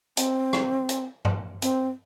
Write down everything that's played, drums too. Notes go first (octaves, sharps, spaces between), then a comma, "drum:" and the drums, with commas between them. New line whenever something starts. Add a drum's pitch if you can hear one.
C4, drum: hi-hat
drum: rim click
drum: hi-hat
drum: tom G2
C4, drum: hi-hat